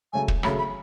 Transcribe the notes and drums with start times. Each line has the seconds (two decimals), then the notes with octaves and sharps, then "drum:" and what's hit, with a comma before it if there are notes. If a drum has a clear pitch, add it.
0.13 C#3 F#3 A3 G#5
0.28 drum: kick
0.43 C#3 F#3 A3 B5, drum: rim click
0.58 B5